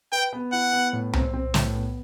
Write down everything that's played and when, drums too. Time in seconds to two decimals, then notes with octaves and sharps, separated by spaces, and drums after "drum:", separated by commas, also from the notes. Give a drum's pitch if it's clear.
0.12 B4 G5
0.33 B3
0.52 E4 F#5
0.73 B3
0.93 A2
1.13 C4, drum: tom C2
1.34 C4
1.54 A2, drum: snare
1.74 B3